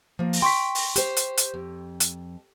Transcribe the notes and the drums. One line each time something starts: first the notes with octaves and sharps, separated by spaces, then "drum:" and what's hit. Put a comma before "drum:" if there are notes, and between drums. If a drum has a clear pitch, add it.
F3 A#3
drum: open hi-hat
G5 C6 C#6 B6
drum: open hi-hat
G4 C5, drum: hi-hat
drum: hi-hat
drum: hi-hat
F2
drum: hi-hat